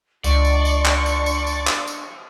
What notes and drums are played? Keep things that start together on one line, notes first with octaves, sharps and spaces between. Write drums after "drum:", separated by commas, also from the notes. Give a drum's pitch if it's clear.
C#2 D4 D5 C6 C#6, drum: tambourine
drum: tambourine
drum: tambourine
drum: clap
drum: tambourine
drum: tambourine
drum: tambourine
drum: clap
drum: tambourine